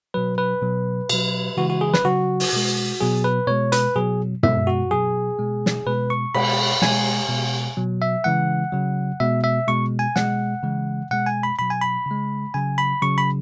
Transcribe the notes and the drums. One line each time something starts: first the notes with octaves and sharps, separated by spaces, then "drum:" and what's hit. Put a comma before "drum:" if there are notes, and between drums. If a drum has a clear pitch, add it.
B2 F#3 B4
B4
B2 F#3
B2 F#3, drum: cymbal
C#3 E3 G#3 F#4
F#4
G#4
B4, drum: snare
C#3 F#3 F#4
drum: open hi-hat
B2 G#3
B2 F#3 G#4
B4
B2 G#3 C#5
B4, drum: hi-hat
B2 F#3 G#4
B2 G#3 E5, drum: tom
F#4
B2 F#3 G#4
B2 G#3
drum: snare
B2 G#3 B4
C#6
B2 G#3 B5, drum: cymbal
B2 G#3 G#5, drum: snare
B2 G#3
B2 F#3
E5
C#3 E3 G#3 F#5
C#3 F#3
B2 G#3 E5
E5
B2 G#3 C#6
G#5
B2 G#3 F#5, drum: snare
C#3 E3 G#3
B2 G#3 F#5
G#5
B5
B2 F#3 B5
G#5
B5
C#3 G#3
C#3 F#3 G#5
B5
C#3 F#3 C#6
B5